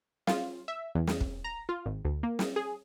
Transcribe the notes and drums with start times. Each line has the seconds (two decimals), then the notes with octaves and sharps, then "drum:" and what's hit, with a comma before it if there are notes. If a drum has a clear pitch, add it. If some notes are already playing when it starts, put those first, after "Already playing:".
0.27 F4, drum: snare
0.68 E5
0.95 E2
1.07 drum: snare
1.21 drum: kick
1.44 A#5
1.69 F4
1.86 G#1
2.05 D2
2.23 A#3
2.39 drum: snare
2.56 G#4